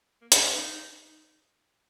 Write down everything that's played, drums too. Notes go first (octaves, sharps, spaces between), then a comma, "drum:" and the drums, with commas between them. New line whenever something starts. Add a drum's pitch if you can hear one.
A#3
B3, drum: hi-hat
C#4
D#4